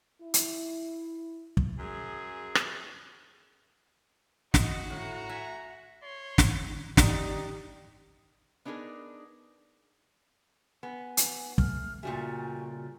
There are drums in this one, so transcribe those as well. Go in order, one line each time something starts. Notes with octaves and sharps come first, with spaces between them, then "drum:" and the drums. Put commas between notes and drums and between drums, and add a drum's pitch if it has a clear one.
E4
drum: hi-hat
drum: kick
F#2 G#4
drum: rim click
F#4 D#5, drum: snare
A2 A#5
E5 G#5
C#5 C6
drum: snare
D#4 G4 D5, drum: snare
B3 D4 D#4 G4 G#4 A#4
B3 G#5
drum: hi-hat
A3 F6, drum: kick
A#2 C#3 G3 A3 F#4 G#5